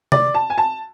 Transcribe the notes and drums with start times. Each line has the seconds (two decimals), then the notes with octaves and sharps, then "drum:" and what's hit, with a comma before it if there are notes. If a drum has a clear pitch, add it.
0.12 D5, drum: tom C3
0.34 A5
0.50 G#5
0.58 A5